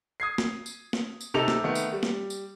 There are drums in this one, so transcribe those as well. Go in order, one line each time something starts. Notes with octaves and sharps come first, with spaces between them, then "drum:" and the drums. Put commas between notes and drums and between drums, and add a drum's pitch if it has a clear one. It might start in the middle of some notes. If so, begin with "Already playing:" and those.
D#6 G#6 C7
drum: snare
drum: tambourine
drum: snare
drum: tambourine
C3 D#4 A4 F7
drum: snare
D#3 A3 B3
drum: tambourine
G3
drum: snare
drum: tambourine